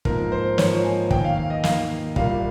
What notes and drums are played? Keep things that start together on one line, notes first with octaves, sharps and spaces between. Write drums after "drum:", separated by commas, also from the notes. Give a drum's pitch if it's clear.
G#2 F3 A#3 A#4, drum: kick
C5
G#2 F3 A#3 C#5, drum: snare
G#5
D#2 D#3 A#3 G5, drum: kick
F5
F5
D#5
D#2 D#3 A#3 F5, drum: snare
C2 A#2 G3 F5, drum: kick